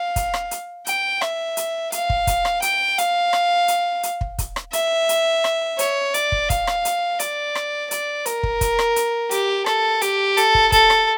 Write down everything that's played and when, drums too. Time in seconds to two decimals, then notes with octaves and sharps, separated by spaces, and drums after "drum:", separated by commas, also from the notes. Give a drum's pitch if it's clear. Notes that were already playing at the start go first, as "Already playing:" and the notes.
Already playing: F5
0.16 drum: kick, hi-hat
0.34 drum: rim click
0.51 drum: hi-hat
0.87 G5, drum: hi-hat
1.21 E5, drum: rim click
1.57 drum: hi-hat
1.92 F5, drum: hi-hat
2.10 drum: kick
2.27 drum: kick, hi-hat
2.45 drum: rim click
2.62 G5, drum: hi-hat
2.98 F5, drum: hi-hat
3.33 drum: rim click
3.68 drum: hi-hat
4.03 drum: hi-hat
4.21 drum: kick
4.38 drum: kick, hi-hat
4.56 drum: rim click
4.73 E5, drum: hi-hat
5.09 drum: hi-hat
5.44 drum: rim click
5.79 C#5, drum: hi-hat
6.14 D5, drum: hi-hat
6.32 drum: kick
6.50 F5, drum: kick, hi-hat
6.67 drum: rim click
6.85 drum: hi-hat
7.20 D5, drum: hi-hat
7.55 drum: rim click
7.91 D5, drum: hi-hat
8.26 A#4, drum: hi-hat
8.43 drum: kick
8.61 drum: kick, hi-hat
8.79 drum: rim click
8.96 drum: hi-hat
9.31 G4, drum: hi-hat
9.66 A4, drum: rim click
10.02 G4, drum: hi-hat
10.37 A4, drum: hi-hat
10.55 drum: kick
10.72 A4, drum: kick, hi-hat
10.90 drum: rim click